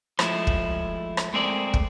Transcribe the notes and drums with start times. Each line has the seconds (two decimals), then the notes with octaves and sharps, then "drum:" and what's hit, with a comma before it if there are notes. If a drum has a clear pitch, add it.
0.19 F3 G#3 A3 E4, drum: rim click
0.47 drum: kick
1.17 drum: rim click
1.34 G#3 A3 C4 G#4 A#4 D5
1.74 drum: kick